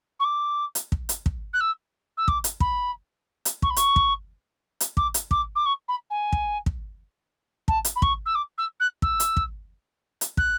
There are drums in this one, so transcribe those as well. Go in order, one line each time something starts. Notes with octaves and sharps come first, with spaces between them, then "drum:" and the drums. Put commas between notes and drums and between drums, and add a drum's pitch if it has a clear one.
C#6
D6
drum: hi-hat
drum: kick
drum: hi-hat
drum: kick
F#6
E6
E6
D6, drum: kick
drum: hi-hat
B5, drum: kick
drum: hi-hat
C#6, drum: kick
B5
C#6, drum: hi-hat
drum: kick
drum: hi-hat
D6, drum: kick
drum: hi-hat
D6, drum: kick
D6
C#6
B5
G#5
drum: kick
drum: kick
A5, drum: kick
drum: hi-hat
B5
C#6, drum: kick
E6
D6
E6
F#6
E6, drum: kick
drum: hi-hat
drum: kick
drum: hi-hat
F#6, drum: kick